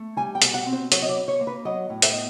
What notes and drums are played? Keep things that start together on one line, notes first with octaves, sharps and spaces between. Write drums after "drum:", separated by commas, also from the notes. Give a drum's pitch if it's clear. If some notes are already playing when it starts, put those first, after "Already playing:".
Already playing: A3
G3 G#5
G5
B2, drum: hi-hat
F#5
C4
C5
F#3 C#5, drum: hi-hat
D#5
D5
B2
C#5
A#3 C5
B4
F#3 D#5
A2
E5, drum: hi-hat
B3 D#5